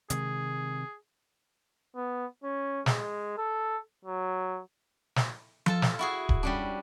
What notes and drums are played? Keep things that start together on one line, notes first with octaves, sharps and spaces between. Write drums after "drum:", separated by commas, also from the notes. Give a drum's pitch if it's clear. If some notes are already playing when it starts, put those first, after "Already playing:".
C3 D#3 G#3 G#4, drum: hi-hat
B3
C#4
G#3, drum: snare
A4
F#3
drum: snare
F4 A4 A5, drum: tom F3
drum: snare
E4 F#4 G#4
drum: kick D1
G3 C#4 D4